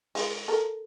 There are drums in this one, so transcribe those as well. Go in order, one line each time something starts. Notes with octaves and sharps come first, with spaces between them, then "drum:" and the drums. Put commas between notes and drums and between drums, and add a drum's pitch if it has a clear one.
G#3, drum: open hi-hat
A4 A#4